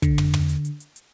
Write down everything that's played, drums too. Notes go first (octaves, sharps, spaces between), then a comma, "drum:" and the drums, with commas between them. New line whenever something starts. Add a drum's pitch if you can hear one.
D3, drum: kick, hi-hat
drum: tom
drum: tom
drum: hi-hat
drum: hi-hat
drum: hi-hat
drum: hi-hat